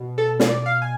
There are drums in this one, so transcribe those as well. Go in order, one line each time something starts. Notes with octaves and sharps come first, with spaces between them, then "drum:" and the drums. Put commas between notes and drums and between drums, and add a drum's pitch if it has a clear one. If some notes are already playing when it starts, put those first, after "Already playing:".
Already playing: B2
A4
drum: snare
D5
F5
G#5